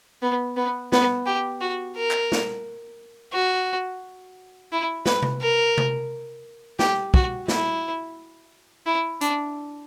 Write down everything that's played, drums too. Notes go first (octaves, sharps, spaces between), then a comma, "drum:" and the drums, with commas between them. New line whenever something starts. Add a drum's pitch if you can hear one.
B3
B3
B3, drum: snare
G4
F#4
A#4
drum: clap
drum: snare
F#4
E4
B4, drum: snare
drum: tom C3
A#4
drum: tom C3
G4, drum: snare
F#4, drum: kick
E4, drum: snare
E4
D4, drum: hi-hat